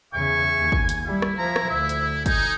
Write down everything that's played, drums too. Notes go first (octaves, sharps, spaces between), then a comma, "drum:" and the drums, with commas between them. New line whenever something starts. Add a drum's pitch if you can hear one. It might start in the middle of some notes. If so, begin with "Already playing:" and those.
E2 C#3 E5 G#5 C#6
D#2
drum: kick
drum: hi-hat
G3 E4
drum: rim click
F3 A#5
drum: rim click
D2 E5
drum: hi-hat
D#4 G#5, drum: kick, hi-hat